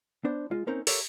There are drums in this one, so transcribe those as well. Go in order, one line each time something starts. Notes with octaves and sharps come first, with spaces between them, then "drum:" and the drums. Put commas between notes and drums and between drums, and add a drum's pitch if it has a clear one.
B3 D4 C5
G#3 F4
A#3 C4 C#4 D#4 A#4 C5
G4 A4 A#4 C#5 E5, drum: open hi-hat